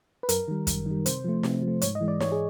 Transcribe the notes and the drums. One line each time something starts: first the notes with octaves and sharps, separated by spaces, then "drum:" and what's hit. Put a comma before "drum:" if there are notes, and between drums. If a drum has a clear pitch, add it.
B4
F#2 A#4, drum: hi-hat
D#3 G3
F#2, drum: kick, hi-hat
D#3 G3
C3 C5, drum: hi-hat
F3 A3
C3, drum: snare
F3
A3
G#2 C#5, drum: hi-hat
D#5
E3 G#3
D5
G#2 C#5, drum: snare
G#4